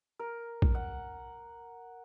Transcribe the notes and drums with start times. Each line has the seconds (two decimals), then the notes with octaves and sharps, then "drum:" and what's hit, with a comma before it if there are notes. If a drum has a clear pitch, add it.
0.19 A#4
0.62 drum: kick
0.75 F#5